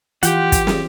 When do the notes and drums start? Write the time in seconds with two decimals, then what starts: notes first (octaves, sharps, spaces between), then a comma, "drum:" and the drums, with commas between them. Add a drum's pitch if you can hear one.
0.23 E3 F4 G4 F#5 G5, drum: hi-hat
0.52 drum: kick, hi-hat
0.67 drum: snare